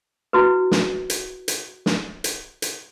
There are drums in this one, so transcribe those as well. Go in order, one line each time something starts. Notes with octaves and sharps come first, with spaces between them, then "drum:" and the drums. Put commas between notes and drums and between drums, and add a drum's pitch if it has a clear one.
E4 F#4 B4
drum: snare
drum: hi-hat
drum: hi-hat
drum: snare
drum: hi-hat
drum: hi-hat